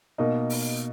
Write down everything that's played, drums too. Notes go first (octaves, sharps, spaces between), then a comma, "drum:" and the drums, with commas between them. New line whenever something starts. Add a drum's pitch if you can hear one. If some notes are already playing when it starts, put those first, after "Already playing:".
B2 A#3 D#4
drum: open hi-hat